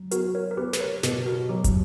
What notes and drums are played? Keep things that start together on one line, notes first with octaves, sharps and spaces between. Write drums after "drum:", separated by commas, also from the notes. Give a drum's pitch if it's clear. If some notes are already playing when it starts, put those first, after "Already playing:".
Already playing: F#3
B3 F#4 A#4, drum: hi-hat
A#4 C#5
A#4
B3 G4 B4
B4, drum: snare
A#4 C#5
B2 G4 B4, drum: snare
F#4 A#4
F#3 G4
drum: kick, hi-hat